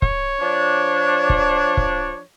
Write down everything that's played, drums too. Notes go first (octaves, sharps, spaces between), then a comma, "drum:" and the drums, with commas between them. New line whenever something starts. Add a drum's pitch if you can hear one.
C#5, drum: kick
F3 D4
drum: kick
drum: kick